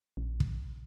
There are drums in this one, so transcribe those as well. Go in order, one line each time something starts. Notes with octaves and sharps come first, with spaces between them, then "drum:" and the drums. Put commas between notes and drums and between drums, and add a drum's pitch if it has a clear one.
A#1
drum: kick